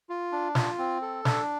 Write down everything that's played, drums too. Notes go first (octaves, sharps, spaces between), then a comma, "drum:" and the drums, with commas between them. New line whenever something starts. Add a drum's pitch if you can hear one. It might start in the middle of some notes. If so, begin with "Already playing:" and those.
F4
D4
F4, drum: snare
C4
A4
D4, drum: snare